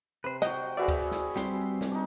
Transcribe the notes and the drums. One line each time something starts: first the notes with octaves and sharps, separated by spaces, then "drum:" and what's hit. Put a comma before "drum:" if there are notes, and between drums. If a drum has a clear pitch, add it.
C3 B4 C5
F#4 D#5 F#5 G5, drum: snare
F#4 G#4 B4 D5 E5
drum: kick C#2, cymbal
drum: snare
G3 C4 C6, drum: snare
drum: snare
D4 D#4